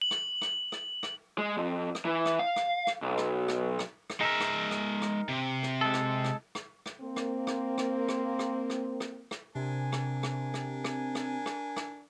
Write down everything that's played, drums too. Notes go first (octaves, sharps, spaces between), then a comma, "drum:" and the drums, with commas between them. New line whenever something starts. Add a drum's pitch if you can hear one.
F#7
drum: rim click
drum: rim click
drum: rim click
drum: rim click
G#3
F2
drum: rim click
E3
drum: rim click
F5
drum: rim click
drum: rim click
B1
drum: rim click
drum: rim click
drum: rim click
drum: rim click
G#3 D#4 A#4 E5
drum: rim click
drum: rim click
drum: rim click
C3
drum: rim click
G#3 A4
drum: rim click
drum: rim click
drum: rim click
drum: rim click
A#3 C4
drum: rim click
drum: rim click
drum: rim click
drum: rim click
drum: rim click
drum: rim click
drum: rim click
drum: rim click
C3 D4 A#4 G#5
drum: rim click
drum: rim click
drum: rim click
drum: rim click
drum: rim click
drum: rim click
drum: rim click